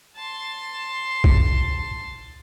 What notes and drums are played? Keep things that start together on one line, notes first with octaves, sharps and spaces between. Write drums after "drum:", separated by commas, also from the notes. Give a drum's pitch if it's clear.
A5 C6
drum: kick